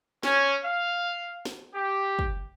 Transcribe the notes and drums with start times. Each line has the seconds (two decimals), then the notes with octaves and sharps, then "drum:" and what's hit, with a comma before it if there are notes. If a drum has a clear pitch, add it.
0.23 C#4, drum: snare
0.65 F5
1.45 drum: snare
1.75 G4
2.19 drum: kick